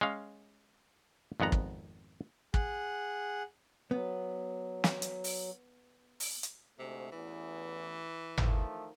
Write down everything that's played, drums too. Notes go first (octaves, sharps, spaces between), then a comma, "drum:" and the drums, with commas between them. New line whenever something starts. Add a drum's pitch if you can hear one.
G#3 C#4 F5
G#1 F2 B3 F#5 A#5
drum: kick
G#4 F#5, drum: kick
F#3 B3
drum: snare
drum: hi-hat
drum: open hi-hat
drum: open hi-hat
drum: hi-hat
D2 G#2 C3 A3
A1 E2 E3
D#3 F3 A3, drum: tom G#1